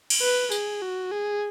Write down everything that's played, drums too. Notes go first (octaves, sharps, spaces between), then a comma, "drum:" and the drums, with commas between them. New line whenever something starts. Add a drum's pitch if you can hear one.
drum: cymbal
B4
G#4, drum: tambourine
F#4
G#4